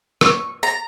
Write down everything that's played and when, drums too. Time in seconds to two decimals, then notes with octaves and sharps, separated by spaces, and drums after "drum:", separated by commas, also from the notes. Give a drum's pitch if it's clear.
0.21 C#6, drum: rim click
0.63 A#5